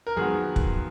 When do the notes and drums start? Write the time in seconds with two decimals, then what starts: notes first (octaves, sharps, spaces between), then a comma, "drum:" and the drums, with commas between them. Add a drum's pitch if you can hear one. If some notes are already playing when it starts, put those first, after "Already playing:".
0.07 A#4
0.16 F2 D#3 F#3 B3 G#4
0.56 drum: kick